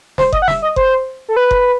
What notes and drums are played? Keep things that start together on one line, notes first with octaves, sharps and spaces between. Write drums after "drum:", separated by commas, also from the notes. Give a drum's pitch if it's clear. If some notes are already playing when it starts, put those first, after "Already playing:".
C5, drum: snare
D#5, drum: kick F#1
F#5
E5, drum: snare
D#5
C5, drum: kick F#1
A4
B4
drum: kick F#1